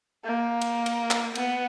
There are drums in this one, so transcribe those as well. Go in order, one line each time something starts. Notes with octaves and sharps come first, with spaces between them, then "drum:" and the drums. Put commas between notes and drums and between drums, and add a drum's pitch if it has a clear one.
A#3
drum: cymbal
drum: cymbal
drum: clap
B3, drum: cymbal